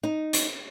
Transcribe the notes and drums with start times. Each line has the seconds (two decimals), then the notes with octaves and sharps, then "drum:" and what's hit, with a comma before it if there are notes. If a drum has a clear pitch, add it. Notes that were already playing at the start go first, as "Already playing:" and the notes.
0.03 D#4
0.33 drum: hi-hat